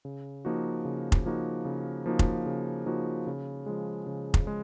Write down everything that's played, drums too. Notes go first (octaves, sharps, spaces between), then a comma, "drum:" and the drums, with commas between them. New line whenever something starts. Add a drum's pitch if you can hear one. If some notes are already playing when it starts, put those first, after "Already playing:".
C#3
F3 A#3 D#4 F#4
C#3
drum: kick F1
F3 A#3 D#4 F#4
C#3
F3 A#3 D#4 F#4
drum: kick F1
C#3
F3 A#3 D#4 F#4
C#3
F3 G#3
C#3
drum: kick F1
G#3